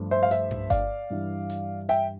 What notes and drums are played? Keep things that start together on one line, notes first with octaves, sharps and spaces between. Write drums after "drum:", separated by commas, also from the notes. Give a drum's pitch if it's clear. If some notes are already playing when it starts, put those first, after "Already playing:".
Already playing: G2 F3 A3
C5 E5
F5
C5 E5, drum: hi-hat
drum: tom G2
D5 F5, drum: kick G1, hi-hat
G2 E3 G3
drum: hi-hat
E5 G5, drum: hi-hat